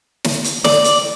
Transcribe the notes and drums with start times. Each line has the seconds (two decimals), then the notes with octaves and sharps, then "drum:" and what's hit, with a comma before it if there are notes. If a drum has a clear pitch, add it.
0.24 drum: snare
0.44 drum: hi-hat
0.64 D5, drum: snare
0.84 drum: hi-hat